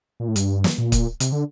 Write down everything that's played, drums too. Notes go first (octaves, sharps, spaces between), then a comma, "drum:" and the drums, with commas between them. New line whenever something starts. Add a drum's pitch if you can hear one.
A#2
A2
G2, drum: hi-hat
drum: snare
A#2
drum: kick, hi-hat
C3, drum: hi-hat
D3